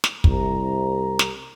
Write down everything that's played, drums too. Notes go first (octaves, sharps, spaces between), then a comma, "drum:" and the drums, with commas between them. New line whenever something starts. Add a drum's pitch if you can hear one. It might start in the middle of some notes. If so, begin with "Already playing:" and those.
drum: snare
C2 A#5, drum: kick
drum: snare